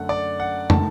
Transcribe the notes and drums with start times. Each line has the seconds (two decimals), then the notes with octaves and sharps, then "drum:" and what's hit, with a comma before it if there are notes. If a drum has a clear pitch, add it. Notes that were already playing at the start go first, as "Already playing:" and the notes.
Already playing: F#2 D3 A3 F#5
0.09 D5
0.40 F#5
0.70 D#3 A3 A5, drum: tom